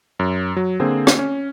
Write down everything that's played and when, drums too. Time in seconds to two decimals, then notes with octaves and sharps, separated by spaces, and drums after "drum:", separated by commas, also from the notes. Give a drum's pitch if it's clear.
0.19 F#2
0.57 F#3
0.80 D3 A#3 C4 G#4 C5
1.07 drum: rim click
1.19 C#4